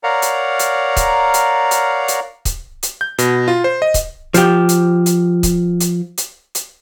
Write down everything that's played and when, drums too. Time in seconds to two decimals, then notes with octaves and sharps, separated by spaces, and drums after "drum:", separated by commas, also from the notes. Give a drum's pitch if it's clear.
0.03 A#4 C#5 D5 F5 F#5 A#5
0.22 drum: hi-hat
0.59 drum: hi-hat
0.96 drum: kick C#1, hi-hat
1.34 drum: hi-hat
1.71 drum: hi-hat
2.08 drum: hi-hat
2.45 drum: kick C#1, hi-hat
2.83 drum: hi-hat
3.01 G6
3.18 B2, drum: hi-hat
3.48 F4
3.64 C5
3.82 D#5
3.94 drum: kick C#1, hi-hat
4.34 F3 G4, drum: hi-hat
4.69 drum: hi-hat
5.06 drum: hi-hat
5.43 drum: kick C#1, hi-hat
5.80 drum: hi-hat
6.18 drum: hi-hat
6.55 drum: hi-hat